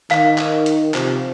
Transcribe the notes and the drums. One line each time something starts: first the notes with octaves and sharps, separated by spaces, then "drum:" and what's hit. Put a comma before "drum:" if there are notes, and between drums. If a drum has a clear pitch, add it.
D#3 F5, drum: clap
drum: clap
drum: hi-hat
C3 F3, drum: clap